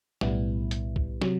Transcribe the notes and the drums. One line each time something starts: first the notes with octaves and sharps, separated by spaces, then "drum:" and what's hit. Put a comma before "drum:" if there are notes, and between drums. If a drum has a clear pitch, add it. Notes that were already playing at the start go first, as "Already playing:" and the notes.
B1 A2 G3 B3 E4, drum: snare
drum: hi-hat
drum: kick
C3 F#3, drum: snare